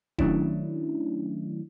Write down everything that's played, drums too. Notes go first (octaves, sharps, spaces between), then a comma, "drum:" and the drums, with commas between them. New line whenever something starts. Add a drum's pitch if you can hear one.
D#3 F#3 A3 C#4 D4 E4, drum: kick E1